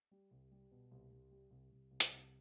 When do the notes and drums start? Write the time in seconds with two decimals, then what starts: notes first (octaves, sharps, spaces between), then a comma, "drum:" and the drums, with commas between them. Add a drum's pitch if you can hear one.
0.11 G3
0.31 C2
0.51 G3
0.71 B2
0.91 C2
1.11 C2
1.31 G3
1.51 C2
1.71 C2
1.91 C2
2.00 drum: hi-hat
2.11 C2